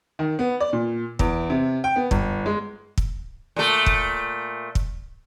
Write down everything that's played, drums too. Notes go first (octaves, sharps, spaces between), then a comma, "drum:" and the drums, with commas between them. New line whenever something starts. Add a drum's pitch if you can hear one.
D#3
B3
D5
A#2
E2, drum: kick
C3
G5
B3
G1, drum: kick
G#3
drum: kick
A#2 A3
drum: kick
drum: kick